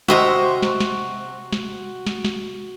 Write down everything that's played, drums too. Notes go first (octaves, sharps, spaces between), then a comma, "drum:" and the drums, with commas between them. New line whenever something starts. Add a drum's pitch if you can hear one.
C3 F#4 D#5 E5 C6, drum: snare
drum: snare
drum: snare
drum: snare
drum: snare
drum: snare